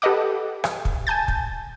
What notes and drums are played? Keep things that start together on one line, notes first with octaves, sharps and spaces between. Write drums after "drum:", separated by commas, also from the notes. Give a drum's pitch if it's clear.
G4 A4 B4 D#5 F#5 D6
drum: rim click
drum: kick
G#5 A5 G6 A6
drum: kick